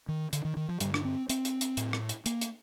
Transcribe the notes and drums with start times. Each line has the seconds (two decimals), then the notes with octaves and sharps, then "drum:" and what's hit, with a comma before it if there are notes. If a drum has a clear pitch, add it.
0.08 D#3
0.33 D3, drum: hi-hat
0.45 D#3
0.57 D#3
0.69 F3
0.80 G2 D3 G3, drum: hi-hat
0.94 D4, drum: rim click
1.05 C4
1.30 C4, drum: hi-hat
1.45 drum: hi-hat
1.61 drum: hi-hat
1.77 A2, drum: hi-hat
1.93 drum: rim click
2.09 drum: hi-hat
2.26 A#3, drum: hi-hat
2.41 drum: hi-hat